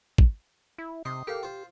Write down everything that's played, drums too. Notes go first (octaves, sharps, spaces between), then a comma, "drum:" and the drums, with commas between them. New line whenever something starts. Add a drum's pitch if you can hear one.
drum: kick
E4
C3 D#4 C6
G4 A4 A#4 F5
F4 C5